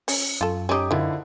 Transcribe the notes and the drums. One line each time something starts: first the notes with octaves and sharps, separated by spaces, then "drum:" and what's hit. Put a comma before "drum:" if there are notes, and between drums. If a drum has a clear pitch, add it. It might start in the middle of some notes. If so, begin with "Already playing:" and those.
C#4, drum: open hi-hat
F#2 F4 A4
C#4 D#4 G4 D6 D#6
D3 D#3 F3 E4